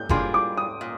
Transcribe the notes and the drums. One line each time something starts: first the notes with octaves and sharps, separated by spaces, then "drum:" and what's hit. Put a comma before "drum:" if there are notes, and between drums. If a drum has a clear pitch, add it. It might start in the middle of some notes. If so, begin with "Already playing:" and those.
Already playing: G6
G3 A#3 D4 F4 G#4 C6, drum: kick F#1
D6
D#6
A#2